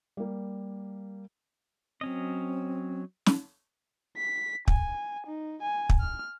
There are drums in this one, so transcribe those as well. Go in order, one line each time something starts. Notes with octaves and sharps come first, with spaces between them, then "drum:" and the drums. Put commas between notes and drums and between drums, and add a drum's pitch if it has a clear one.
G3 A#3
F#3 C4 C#4 D#5
drum: snare
B6
G#5, drum: kick
D#4
G#5
drum: kick
F6